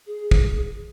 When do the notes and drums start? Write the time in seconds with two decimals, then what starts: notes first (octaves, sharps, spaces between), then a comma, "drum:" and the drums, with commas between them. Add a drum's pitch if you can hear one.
0.07 G#4
0.31 drum: kick